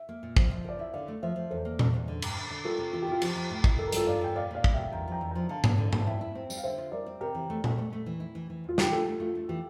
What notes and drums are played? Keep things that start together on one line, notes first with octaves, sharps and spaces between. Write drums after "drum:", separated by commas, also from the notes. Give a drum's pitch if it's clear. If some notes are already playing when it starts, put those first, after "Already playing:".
Already playing: E5
A#3
A#2
F3, drum: kick
F3
A#4 D5
E4 E5
D3 D5 F5
A3
F3 C5 E5
F3
E2 A4 C5
A#3
E2, drum: tom A#2
E2
D3
G2, drum: cymbal
D3
D3
G3 F4 A4
C3
E3 F4
G4
C3 F4
F3 G4, drum: cymbal
F3
A2
E4, drum: kick
G2 A4
A#4
G3 F4 A4, drum: hi-hat
G2 D5 F5
G2 G5
A#2 D5 F5
A#2 D5 F5
G3, drum: kick
E5 G5
G3
E2 G5 A#5
F3 G5 A#5
E2
G5 A#5
F3
D3 F5 A5
D2, drum: tom G#2
D3
D2 A5, drum: tom G#2
E4 E5 G5
E4
C4
G3, drum: tambourine
F5
D3 C5 E5
F4
G3 A#4 D5
C4
C3 G4 A#4
E3
A3
A3, drum: tom A#2
A3
A3
E3
E4
E3
E3
E2 F4
E3 G4, drum: snare
A3 F4 A4
A3
A3 F4
A3
E3 G4